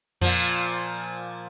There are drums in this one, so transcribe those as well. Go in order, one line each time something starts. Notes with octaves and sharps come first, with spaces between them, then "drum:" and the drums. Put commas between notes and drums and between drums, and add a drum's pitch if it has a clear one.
A#2 F3, drum: tom F2